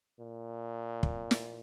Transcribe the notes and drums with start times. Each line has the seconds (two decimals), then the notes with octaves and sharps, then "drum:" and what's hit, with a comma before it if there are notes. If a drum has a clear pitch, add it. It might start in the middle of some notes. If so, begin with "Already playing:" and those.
0.19 A#2
1.03 drum: kick
1.31 drum: snare